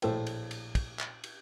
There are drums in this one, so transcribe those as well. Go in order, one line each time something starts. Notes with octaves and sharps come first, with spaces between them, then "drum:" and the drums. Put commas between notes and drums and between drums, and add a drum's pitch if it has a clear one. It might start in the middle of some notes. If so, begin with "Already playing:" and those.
A#1 A2 A4 C5 G5, drum: cymbal
drum: cymbal
drum: cymbal
drum: kick, cymbal
drum: clap
drum: cymbal